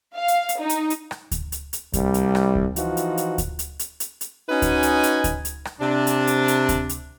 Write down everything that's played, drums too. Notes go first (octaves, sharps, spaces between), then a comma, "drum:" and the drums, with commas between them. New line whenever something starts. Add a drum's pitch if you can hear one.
F5
drum: hi-hat
drum: hi-hat
D#4
drum: hi-hat
drum: hi-hat
drum: rim click
drum: kick D2, hi-hat
drum: hi-hat
drum: hi-hat
C2 G3, drum: kick D2, hi-hat
drum: hi-hat
drum: rim click
drum: kick D2
E3 F3 D#4 F4 F#4, drum: hi-hat
drum: hi-hat
drum: hi-hat
drum: kick D2, hi-hat
drum: hi-hat
drum: hi-hat
drum: hi-hat
drum: hi-hat
C#4 D#4 F#4 B4 D#5 G#5
drum: kick D2, hi-hat
drum: hi-hat
drum: hi-hat
drum: kick D2, hi-hat
drum: hi-hat
drum: rim click
C3 D4
drum: hi-hat
drum: hi-hat
drum: hi-hat
drum: kick D2, hi-hat
drum: hi-hat